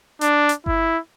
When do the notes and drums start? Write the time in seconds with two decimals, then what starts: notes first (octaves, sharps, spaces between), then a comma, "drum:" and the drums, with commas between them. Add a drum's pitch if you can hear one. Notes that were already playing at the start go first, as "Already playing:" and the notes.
0.21 D4, drum: hi-hat
0.49 drum: hi-hat
0.66 E4, drum: kick G1